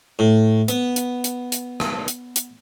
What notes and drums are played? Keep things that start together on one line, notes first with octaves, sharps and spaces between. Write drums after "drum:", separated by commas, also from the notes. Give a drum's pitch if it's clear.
A2
B3, drum: hi-hat
drum: hi-hat
drum: hi-hat
drum: hi-hat
drum: rim click
drum: hi-hat
drum: hi-hat